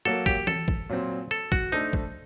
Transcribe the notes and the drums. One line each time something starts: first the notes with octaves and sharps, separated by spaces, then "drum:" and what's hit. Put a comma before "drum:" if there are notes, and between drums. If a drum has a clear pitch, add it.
F#3 A#3 F#4 A4
G4, drum: kick
A4, drum: tom E3
drum: kick
A#2 F#3 C4
A4
F#4, drum: kick
A3 D4 D#4 A4 C5
drum: kick